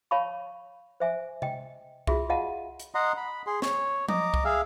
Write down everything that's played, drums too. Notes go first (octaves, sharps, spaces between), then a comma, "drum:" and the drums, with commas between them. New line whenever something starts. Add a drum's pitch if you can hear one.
C#5 F5 A5 B5 C#6
C5 E5 G#5
D#5 G5, drum: tom C3
F4 F#4 G#4 E5, drum: kick C2
F4 D#5 F5 F#5 A5
drum: hi-hat
D#5 F#5 A#5 C6
B5
G#4 C6
C#5, drum: snare
D#5 A#5 D6, drum: tom F3
drum: kick C2
G#4 E5 F5